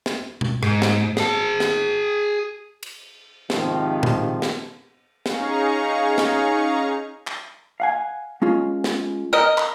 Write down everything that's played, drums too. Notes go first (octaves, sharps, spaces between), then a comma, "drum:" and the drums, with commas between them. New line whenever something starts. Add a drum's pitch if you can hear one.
drum: snare
drum: tom B2
G#2, drum: rim click
drum: snare
G#4 A5, drum: snare
drum: snare
drum: cymbal
G#2 C3 D#3 F3, drum: snare
drum: tom A#2
drum: snare
C#4 D#4 G#4 F5 A#5 C#6, drum: snare
drum: snare
drum: clap
F5 F#5 G#5
G#3 C#4 F4
drum: snare
A#4 D#5
B5, drum: clap